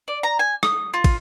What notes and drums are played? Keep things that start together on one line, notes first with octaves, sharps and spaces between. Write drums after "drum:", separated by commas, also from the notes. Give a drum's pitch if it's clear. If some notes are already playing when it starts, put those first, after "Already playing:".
D5
A#5
G#5
D#6, drum: rim click
F4
drum: kick, cymbal